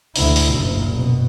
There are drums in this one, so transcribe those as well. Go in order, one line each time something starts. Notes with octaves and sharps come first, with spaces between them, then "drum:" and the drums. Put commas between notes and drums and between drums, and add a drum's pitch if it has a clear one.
D2 E4, drum: open hi-hat
drum: open hi-hat
F#1 A#2
F#1 B2